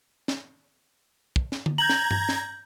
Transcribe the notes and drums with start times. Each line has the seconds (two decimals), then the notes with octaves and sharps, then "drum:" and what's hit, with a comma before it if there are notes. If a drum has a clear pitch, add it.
0.28 drum: snare
1.36 drum: kick
1.52 drum: snare
1.66 drum: tom D3
1.78 A#5 G6 G#6 F#7
1.89 drum: snare
2.11 drum: tom G2
2.29 drum: snare